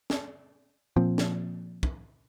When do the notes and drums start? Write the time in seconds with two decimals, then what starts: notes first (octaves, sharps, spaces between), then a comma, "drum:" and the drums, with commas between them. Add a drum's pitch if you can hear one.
0.10 drum: snare
0.96 A#2 F3 C4
1.18 drum: snare
1.83 drum: kick